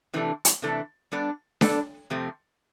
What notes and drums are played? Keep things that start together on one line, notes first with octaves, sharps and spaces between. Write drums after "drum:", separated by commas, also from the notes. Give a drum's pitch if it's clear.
C3 E3 A3 D4 A4
drum: hi-hat
C3 E3 A3 D4 A4
G3 B3 D4 A4 D5
G3 B3 D4 A4 D5, drum: snare D4
F2 C3 F3 A3 C4